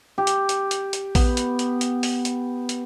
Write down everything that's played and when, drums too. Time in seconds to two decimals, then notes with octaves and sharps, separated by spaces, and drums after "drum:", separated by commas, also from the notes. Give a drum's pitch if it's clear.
0.18 G4
0.27 drum: hi-hat
0.49 drum: hi-hat
0.71 drum: hi-hat
0.93 drum: hi-hat
1.15 B3, drum: kick A#1, open hi-hat
1.37 drum: hi-hat
1.59 drum: hi-hat
1.81 drum: hi-hat
2.03 drum: open hi-hat
2.25 drum: hi-hat
2.69 drum: hi-hat